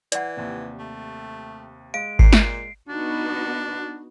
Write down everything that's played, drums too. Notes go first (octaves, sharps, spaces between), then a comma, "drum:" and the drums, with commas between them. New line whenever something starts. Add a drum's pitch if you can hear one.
E3 D5 F#5, drum: hi-hat
D#2 C3
A3
G#3 F5 D7
A#2 C7, drum: kick G#1
drum: snare
B3 D4 D#4 F#4